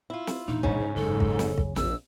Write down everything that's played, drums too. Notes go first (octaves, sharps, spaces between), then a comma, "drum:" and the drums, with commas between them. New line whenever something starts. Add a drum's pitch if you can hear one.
E4 F4
drum: snare
E1 A#2 D4 D#4
G#2 C#3 C#4, drum: kick
F#1 F2 A4
drum: kick
drum: snare
drum: kick
A#1 E6, drum: snare